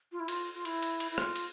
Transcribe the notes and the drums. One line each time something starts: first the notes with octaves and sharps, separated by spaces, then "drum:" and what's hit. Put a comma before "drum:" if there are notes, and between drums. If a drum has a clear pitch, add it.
F4
E4
F4, drum: cymbal
F4
E4, drum: cymbal
drum: cymbal
drum: cymbal
E4
F4, drum: rim click
drum: cymbal